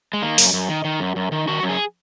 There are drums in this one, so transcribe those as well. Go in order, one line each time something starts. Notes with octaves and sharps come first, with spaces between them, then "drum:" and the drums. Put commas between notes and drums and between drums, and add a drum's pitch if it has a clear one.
G#3
D#3 A#3
F#2, drum: open hi-hat
F#2
D#3
D#3
F#2
F#2
D#3
D#3 F#4
F#2
G#4